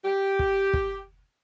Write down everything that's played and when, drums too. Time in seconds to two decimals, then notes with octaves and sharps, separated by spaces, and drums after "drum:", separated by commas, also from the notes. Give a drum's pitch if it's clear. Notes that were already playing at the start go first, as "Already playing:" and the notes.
0.05 G4
0.39 drum: kick
0.73 drum: kick